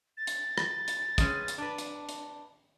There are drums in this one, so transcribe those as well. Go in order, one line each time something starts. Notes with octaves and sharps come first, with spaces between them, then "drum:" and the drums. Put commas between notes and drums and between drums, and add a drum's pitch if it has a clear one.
A6
drum: hi-hat
drum: rim click
drum: hi-hat
G#3 C#4 B4, drum: kick, hi-hat
drum: hi-hat
D4 B4
drum: hi-hat
drum: hi-hat